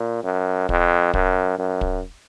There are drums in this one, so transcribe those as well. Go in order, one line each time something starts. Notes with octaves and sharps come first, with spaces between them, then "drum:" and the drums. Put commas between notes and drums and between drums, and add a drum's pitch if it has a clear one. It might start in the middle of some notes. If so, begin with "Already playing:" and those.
Already playing: A#2
F#2
F2, drum: kick
F#2, drum: kick
F#2
drum: kick